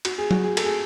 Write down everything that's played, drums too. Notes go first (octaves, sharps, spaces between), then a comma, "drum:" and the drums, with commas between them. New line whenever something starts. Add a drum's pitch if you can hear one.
F#4, drum: cymbal
G#4
F#4, drum: tom F#3
G#4
A4, drum: cymbal
G#4